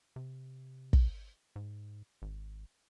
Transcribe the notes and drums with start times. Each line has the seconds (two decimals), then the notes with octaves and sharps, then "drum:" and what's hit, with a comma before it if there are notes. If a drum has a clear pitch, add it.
0.16 C3
0.93 drum: kick
1.56 G#2
2.22 G#1